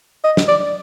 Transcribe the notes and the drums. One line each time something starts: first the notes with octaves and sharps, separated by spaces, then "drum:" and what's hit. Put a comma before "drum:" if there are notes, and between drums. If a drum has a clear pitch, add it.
D#5
drum: snare
D5